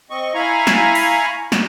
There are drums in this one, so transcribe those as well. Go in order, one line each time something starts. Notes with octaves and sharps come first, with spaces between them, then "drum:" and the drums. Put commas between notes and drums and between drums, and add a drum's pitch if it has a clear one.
C4 D#5 C#6
E4 F5 G#5 A#5 B5 C#6
drum: snare
drum: open hi-hat
drum: snare